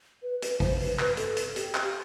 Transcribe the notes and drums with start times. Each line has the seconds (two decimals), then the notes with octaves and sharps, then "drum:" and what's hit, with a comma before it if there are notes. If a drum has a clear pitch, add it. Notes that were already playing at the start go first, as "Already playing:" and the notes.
0.22 B4
0.42 B4, drum: hi-hat
0.60 C5, drum: kick, open hi-hat
0.80 B4, drum: open hi-hat
0.99 B4, drum: clap
1.17 A4, drum: hi-hat
1.37 drum: hi-hat
1.56 G4, drum: hi-hat
1.75 drum: clap